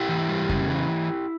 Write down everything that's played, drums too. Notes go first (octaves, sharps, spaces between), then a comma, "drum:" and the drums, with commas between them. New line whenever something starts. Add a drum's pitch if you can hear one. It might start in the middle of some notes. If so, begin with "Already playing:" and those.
Already playing: E4 G4
E3
G3
C#3, drum: kick F2
E3